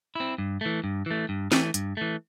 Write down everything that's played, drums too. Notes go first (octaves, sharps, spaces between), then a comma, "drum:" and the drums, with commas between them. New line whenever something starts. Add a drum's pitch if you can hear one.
C4 E4
G2
E3 A3
G2
E3 A3
G2
E3 A3, drum: snare
G2, drum: hi-hat
E3 A3